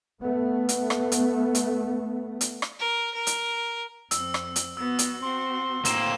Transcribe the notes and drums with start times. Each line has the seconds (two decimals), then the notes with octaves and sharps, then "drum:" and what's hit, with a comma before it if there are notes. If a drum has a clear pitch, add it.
0.20 A3 B3
0.69 drum: hi-hat
0.90 drum: rim click
1.12 drum: hi-hat
1.55 drum: hi-hat
2.41 drum: hi-hat
2.62 drum: rim click
2.80 A#4
3.15 A#4
3.27 drum: hi-hat
4.11 F2 C4 E6, drum: hi-hat
4.34 drum: rim click
4.56 drum: hi-hat
4.77 B3 F#4 E6
4.99 drum: hi-hat
5.22 C4 F#4 C6
5.85 A2 A#3 C4 E6 E7, drum: hi-hat